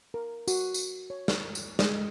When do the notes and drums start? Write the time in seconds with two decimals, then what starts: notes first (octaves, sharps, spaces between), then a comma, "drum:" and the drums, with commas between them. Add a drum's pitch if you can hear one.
0.14 A#4
0.48 F#4, drum: tambourine
0.74 drum: tambourine
1.10 C#5
1.28 drum: snare
1.55 drum: tambourine
1.79 G#3, drum: snare